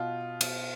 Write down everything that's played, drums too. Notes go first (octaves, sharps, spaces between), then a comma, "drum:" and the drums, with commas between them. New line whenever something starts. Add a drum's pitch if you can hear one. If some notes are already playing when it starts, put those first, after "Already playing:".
Already playing: B2 F4
B2, drum: cymbal